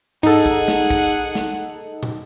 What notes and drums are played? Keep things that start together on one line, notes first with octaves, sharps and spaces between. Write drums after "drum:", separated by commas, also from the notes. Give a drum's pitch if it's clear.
D#4 G#4 A4 F#5, drum: tom G#2
drum: kick
drum: snare
drum: kick
drum: snare
drum: tom